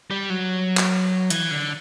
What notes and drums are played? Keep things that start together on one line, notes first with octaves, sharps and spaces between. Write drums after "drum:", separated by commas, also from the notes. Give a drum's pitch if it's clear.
G3
F#3
drum: clap
E3, drum: hi-hat
D3